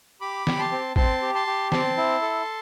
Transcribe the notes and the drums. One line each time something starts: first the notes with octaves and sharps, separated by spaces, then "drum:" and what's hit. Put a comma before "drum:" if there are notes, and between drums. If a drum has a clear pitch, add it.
G4 B5 D6
G4, drum: snare
A5 C6
C4
C4 A5 C6, drum: kick
G4
A5 C6
G4
C4 A5 C6, drum: snare
E4
A4